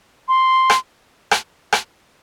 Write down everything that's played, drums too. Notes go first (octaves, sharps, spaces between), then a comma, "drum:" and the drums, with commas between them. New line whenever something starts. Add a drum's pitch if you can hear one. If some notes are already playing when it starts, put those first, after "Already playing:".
C6
drum: rim click
drum: rim click
drum: rim click